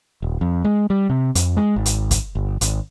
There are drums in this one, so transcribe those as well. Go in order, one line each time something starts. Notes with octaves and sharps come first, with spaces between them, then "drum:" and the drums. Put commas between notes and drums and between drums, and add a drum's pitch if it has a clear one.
D#1
F2
G#3
G3
C3
F2, drum: hi-hat
G#3
G#1
drum: hi-hat
drum: kick, hi-hat
G1
G#1, drum: hi-hat